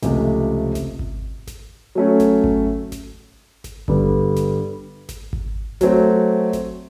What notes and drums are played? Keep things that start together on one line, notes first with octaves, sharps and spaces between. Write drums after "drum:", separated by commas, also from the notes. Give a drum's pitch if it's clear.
C#2 C3 F3 A3, drum: snare G#1
drum: snare G#1
drum: kick G#1
drum: snare G#1
F#3 A3 C#4
drum: snare G#1
drum: kick G#1
drum: snare G#1
drum: snare G#1
G2 D3 G3 B3, drum: kick G#1
drum: snare G#1
drum: snare G#1
drum: kick G#1
F#3 A3 C4, drum: snare G#1
drum: snare G#1